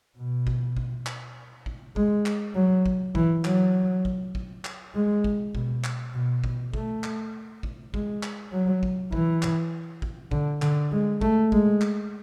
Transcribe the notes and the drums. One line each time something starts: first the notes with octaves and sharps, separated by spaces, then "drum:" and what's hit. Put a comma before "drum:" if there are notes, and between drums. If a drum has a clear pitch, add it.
B2
drum: kick
drum: kick
drum: clap
drum: kick
G#3, drum: kick
drum: clap
F#3
drum: kick
E3, drum: kick
F#3, drum: clap
drum: kick
drum: kick
drum: clap
G#3
drum: kick
B2, drum: kick
drum: clap
B2
B2, drum: kick
A3, drum: kick
drum: clap
drum: kick
G#3, drum: kick
drum: clap
F#3
drum: kick
E3, drum: kick
drum: clap
drum: kick
D3, drum: kick
D3, drum: clap
G#3
A3, drum: kick
G#3, drum: kick
drum: clap